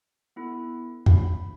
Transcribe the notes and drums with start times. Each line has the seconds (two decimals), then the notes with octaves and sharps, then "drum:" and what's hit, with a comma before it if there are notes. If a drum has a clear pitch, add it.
0.36 B3 E4 A4
1.06 B5, drum: tom F2